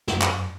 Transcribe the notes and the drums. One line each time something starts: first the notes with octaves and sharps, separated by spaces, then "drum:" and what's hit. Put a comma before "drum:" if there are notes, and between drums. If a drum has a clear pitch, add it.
F#2, drum: snare
drum: clap